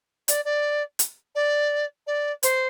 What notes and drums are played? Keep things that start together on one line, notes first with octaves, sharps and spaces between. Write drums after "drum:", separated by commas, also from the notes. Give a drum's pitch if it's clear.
D5, drum: hi-hat
D5
drum: hi-hat
D5
D5
C5, drum: hi-hat